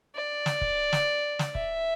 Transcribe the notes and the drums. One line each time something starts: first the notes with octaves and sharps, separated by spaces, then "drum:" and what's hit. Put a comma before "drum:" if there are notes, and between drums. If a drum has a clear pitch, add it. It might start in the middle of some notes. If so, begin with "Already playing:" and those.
D5
drum: snare
drum: kick
drum: snare
drum: snare
E5, drum: kick